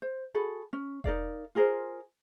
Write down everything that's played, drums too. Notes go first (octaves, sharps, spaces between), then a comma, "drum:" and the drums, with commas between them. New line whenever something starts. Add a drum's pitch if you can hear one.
C5
F#4 G#4 A4 B5
C#4
D#4 A#4 D5 F5, drum: kick E1
F4 G#4 A#4 C5